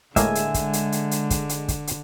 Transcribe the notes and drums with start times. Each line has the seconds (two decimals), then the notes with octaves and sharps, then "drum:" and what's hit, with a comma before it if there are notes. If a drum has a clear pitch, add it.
0.16 A2 D3 G#3 A#3 E5 G#5, drum: kick, hi-hat
0.35 drum: hi-hat
0.54 drum: kick, hi-hat
0.73 drum: hi-hat
0.92 drum: hi-hat
1.11 drum: hi-hat
1.30 drum: kick, hi-hat
1.49 drum: hi-hat
1.68 drum: kick, hi-hat
1.87 drum: hi-hat